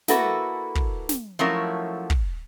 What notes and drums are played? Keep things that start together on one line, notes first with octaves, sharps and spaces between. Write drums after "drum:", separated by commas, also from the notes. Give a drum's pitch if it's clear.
A#3 E4 F#4 A4 B4, drum: snare
drum: kick
drum: snare
F3 F#3 A3 C#4 E4 A#4
drum: kick